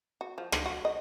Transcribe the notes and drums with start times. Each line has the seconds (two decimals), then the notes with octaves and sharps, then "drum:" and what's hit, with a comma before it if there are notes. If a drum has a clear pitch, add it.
0.21 F#4
0.38 F3
0.52 D3, drum: rim click
0.66 F#4
0.85 D#5